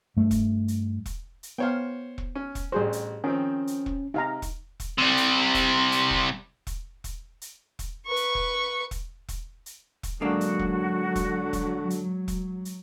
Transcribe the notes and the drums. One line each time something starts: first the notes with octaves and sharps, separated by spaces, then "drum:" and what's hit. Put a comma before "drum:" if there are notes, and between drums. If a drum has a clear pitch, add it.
G2 A3
drum: kick E1, hi-hat
drum: hi-hat
drum: kick E1, hi-hat
drum: hi-hat
B3 C5 C#5 F5 G5
drum: kick E1
C#4
drum: kick E1, hi-hat
A1 G3 F#4 G#4 C5
drum: hi-hat
D#3 F3 C4 C#4
drum: hi-hat
drum: kick E1
C3 D#4 F5 A#5
drum: kick E1, hi-hat
drum: kick E1, hi-hat
C3 G3
drum: hi-hat
drum: kick E1, hi-hat
drum: hi-hat
drum: kick E1
drum: kick E1, hi-hat
drum: kick E1, hi-hat
drum: hi-hat
drum: kick E1, hi-hat
B4 C#6
drum: hi-hat
drum: kick E1
drum: kick E1, hi-hat
drum: kick E1, hi-hat
drum: hi-hat
drum: kick E1, hi-hat
G#2 D3 F#3 A#3 D4 F#4
drum: hi-hat
drum: kick E1
drum: kick E1, hi-hat
drum: kick E1, hi-hat
drum: hi-hat
drum: kick E1, hi-hat
drum: hi-hat